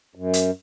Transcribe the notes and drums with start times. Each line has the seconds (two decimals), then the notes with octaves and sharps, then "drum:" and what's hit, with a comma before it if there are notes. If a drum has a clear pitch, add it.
0.15 F#2
0.33 drum: hi-hat